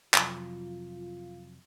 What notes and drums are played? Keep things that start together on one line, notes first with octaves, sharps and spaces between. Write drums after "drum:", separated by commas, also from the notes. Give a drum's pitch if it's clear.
F2 C3 F#3 F4, drum: clap